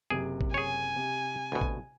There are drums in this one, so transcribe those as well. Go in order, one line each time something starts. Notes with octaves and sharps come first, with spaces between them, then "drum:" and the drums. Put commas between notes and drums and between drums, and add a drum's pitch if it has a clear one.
F#1 C3 G#4 D7
drum: kick A1
G#4 C#5 G#5
C3
D2 B2
drum: kick A1